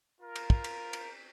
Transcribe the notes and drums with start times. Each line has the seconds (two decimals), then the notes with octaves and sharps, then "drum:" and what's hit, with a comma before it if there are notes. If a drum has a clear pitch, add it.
0.21 F4 A#4
0.36 drum: cymbal
0.50 drum: kick
0.64 drum: cymbal
0.93 drum: cymbal